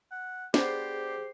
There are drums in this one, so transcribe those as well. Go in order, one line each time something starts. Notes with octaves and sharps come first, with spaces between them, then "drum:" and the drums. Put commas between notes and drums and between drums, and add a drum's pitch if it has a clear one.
F#5
B3 D4 G4 G#4 C5 C7, drum: snare